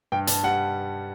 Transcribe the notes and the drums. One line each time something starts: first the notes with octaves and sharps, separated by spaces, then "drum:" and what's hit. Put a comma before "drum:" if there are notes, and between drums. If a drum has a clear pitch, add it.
G2 G5
G2 A5, drum: hi-hat
G3 F#5